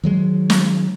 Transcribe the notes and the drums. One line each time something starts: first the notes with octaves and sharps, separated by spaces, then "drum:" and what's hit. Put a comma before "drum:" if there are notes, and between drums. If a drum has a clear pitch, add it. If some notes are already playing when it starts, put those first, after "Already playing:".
D#3 F#3 G#3
drum: snare